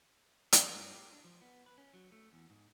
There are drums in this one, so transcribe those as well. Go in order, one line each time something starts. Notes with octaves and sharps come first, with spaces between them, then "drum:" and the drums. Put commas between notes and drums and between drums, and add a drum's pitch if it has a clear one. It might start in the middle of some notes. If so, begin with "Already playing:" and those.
E3, drum: hi-hat
G2
G4
D4
F3
B3
B4
C#4
F#3
A3
E2
G#2